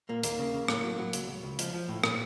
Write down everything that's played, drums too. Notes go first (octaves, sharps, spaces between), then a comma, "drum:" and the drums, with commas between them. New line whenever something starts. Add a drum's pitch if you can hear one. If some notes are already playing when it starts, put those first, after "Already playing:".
A#2 A#3
D#2 A#3, drum: hi-hat
C#3
C#3
A2 A#3, drum: rim click
F#3
F#3
C#2, drum: hi-hat
C#2
C#2
F3, drum: hi-hat
F3
A2
A#2, drum: rim click